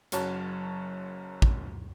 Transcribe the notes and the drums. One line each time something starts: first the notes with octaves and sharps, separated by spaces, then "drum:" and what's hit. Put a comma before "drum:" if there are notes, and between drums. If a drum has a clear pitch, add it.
F#1 F#2 C#4 F#4 C#5 A5, drum: hi-hat
drum: kick